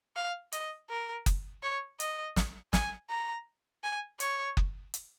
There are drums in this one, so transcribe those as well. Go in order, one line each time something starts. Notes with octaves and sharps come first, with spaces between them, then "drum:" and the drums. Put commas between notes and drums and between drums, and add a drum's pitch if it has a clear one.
F5
D#5, drum: hi-hat
A#4
drum: kick F#1, hi-hat
C#5
D#5, drum: hi-hat
drum: snare
G#5, drum: snare
A#5
G#5
C#5, drum: hi-hat
drum: kick F#1
drum: hi-hat